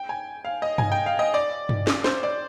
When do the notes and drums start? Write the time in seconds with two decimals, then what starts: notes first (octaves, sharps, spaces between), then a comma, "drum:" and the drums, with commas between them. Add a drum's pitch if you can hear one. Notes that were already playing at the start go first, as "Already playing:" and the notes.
Already playing: G5
0.09 G#5
0.45 F5
0.62 D#5
0.78 G#5, drum: tom G2
0.92 G5
1.06 F5
1.19 D#5
1.34 D5
1.69 drum: tom G2
1.87 drum: snare
2.04 C5, drum: snare
2.23 D5